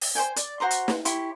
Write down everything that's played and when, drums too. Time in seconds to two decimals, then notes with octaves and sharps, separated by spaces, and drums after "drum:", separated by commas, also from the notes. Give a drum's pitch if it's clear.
0.01 drum: open hi-hat
0.15 C5 D5 G5 G#5
0.36 D5, drum: hi-hat
0.60 F#4 C5 A#5 C6
0.71 drum: hi-hat
0.88 drum: snare
1.05 E4 G4 C#5 C6, drum: hi-hat